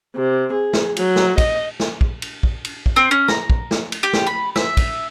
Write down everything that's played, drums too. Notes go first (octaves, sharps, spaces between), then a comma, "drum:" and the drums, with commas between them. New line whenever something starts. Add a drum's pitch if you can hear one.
C3
G#4
drum: snare
F#3, drum: cymbal
drum: snare
D#5, drum: kick, cymbal
drum: snare
drum: kick
drum: cymbal
drum: kick
drum: cymbal
drum: kick
C4
C#4
A#5, drum: snare
drum: kick
drum: snare
drum: cymbal
G4
drum: snare
B5
E5, drum: snare
drum: kick, cymbal